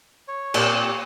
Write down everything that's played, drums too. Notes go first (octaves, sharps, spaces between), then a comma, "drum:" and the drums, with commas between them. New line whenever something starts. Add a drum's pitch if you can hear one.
C#5
A#2 C4 G4, drum: cymbal